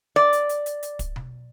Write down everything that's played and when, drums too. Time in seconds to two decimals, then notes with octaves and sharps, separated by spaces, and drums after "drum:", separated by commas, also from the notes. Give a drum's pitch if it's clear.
0.16 D5
0.33 drum: hi-hat
0.49 drum: hi-hat
0.66 drum: hi-hat
0.83 drum: hi-hat
0.99 drum: kick, hi-hat
1.16 drum: tom B2